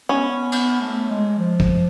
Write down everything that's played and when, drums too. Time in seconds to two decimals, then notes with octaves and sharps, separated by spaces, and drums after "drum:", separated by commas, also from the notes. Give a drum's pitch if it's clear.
0.09 B3 C#4
0.52 B3, drum: cymbal
0.80 A3
1.10 G#3
1.38 F3
1.60 drum: kick